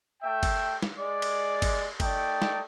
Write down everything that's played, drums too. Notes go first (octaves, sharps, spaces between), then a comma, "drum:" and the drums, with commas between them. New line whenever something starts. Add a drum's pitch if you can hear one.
A3 E5 G5
drum: kick, cymbal
drum: snare
G#3 D5
drum: cymbal
drum: kick, cymbal
A3 D#4 D5 G5, drum: kick, cymbal
drum: snare